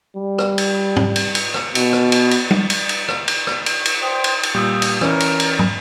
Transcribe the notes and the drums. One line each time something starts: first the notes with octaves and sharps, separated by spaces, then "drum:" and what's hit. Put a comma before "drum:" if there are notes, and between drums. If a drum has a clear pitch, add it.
G3
drum: rim click
drum: cymbal
drum: tom G#2
drum: cymbal
drum: cymbal
drum: rim click
B2, drum: cymbal
drum: rim click
drum: cymbal
drum: cymbal
drum: tom G3
drum: cymbal
drum: cymbal
drum: rim click
drum: cymbal
drum: rim click
drum: cymbal
drum: cymbal
C5 G5 D#6
drum: cymbal
drum: cymbal
A#2 G3 A#3 D#6 E6 G6
drum: cymbal
E3 C#4 A#4 A#5, drum: rim click
drum: cymbal
drum: cymbal
drum: tom